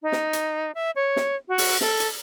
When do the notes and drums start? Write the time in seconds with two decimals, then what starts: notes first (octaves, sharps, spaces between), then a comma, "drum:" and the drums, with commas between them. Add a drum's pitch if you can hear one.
0.03 D#4
0.12 drum: snare
0.33 drum: hi-hat
0.75 E5
0.96 C#5
1.16 drum: snare
1.48 F#4
1.58 drum: open hi-hat
1.81 A4, drum: snare
2.00 drum: hi-hat